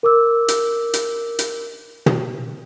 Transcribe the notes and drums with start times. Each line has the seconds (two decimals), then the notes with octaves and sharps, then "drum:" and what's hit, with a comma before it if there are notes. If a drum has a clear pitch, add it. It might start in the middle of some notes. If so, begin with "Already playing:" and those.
0.03 A#4 D6 E6
0.48 drum: hi-hat
0.93 drum: hi-hat
1.39 drum: hi-hat
2.06 drum: tom